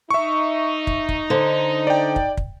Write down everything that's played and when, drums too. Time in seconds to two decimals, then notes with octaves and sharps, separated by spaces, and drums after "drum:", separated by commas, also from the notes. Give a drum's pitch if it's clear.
0.11 D#4 E5 C#6
0.87 drum: kick
1.09 drum: kick
1.30 D3 C5
1.87 D5 G5
2.16 drum: kick
2.37 drum: kick